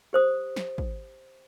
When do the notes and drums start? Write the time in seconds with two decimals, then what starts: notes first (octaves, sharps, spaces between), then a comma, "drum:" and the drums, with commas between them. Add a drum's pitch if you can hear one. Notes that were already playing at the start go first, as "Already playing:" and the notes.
0.13 G4 C5 D#6
0.56 drum: snare
0.78 drum: kick